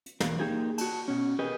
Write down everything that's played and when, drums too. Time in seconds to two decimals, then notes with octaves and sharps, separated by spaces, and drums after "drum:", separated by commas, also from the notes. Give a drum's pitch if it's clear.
0.06 drum: hi-hat
0.20 E2 B2 A#3, drum: snare
0.39 A#3 D#4 G4 G#4 A#4
0.78 F#4 A5, drum: cymbal
1.08 B2 C#4
1.39 G4 G#4 A#4 B4 D#5